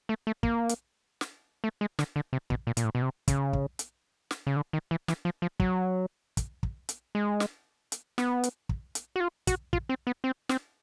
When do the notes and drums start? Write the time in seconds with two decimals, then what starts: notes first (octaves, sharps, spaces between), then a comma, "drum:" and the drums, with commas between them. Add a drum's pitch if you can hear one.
0.09 A3
0.27 A3
0.43 A#3, drum: kick
0.69 drum: hi-hat
1.21 drum: snare
1.64 A3
1.81 G#3
1.99 D3, drum: snare
2.16 D3
2.33 C3
2.50 B2, drum: kick
2.67 A#2
2.77 A#2, drum: hi-hat
2.85 A2
2.95 B2
3.02 C3
3.28 C#3, drum: kick, hi-hat
3.53 drum: kick
3.79 drum: hi-hat
4.31 drum: snare
4.47 C#3
4.56 D3
4.73 D#3
4.91 E3
5.08 E3, drum: snare
5.25 F3
5.42 F3
5.60 F#3, drum: kick
6.37 drum: kick, hi-hat
6.63 drum: kick
6.89 drum: hi-hat
7.15 G#3
7.40 drum: snare
7.92 drum: hi-hat
8.18 B3, drum: snare
8.43 drum: hi-hat
8.69 drum: kick
8.95 drum: hi-hat
9.16 F#4
9.20 F4
9.47 F#4, drum: kick, hi-hat
9.73 F4, drum: kick
9.89 C4
10.07 B3
10.24 C4
10.49 C4, drum: snare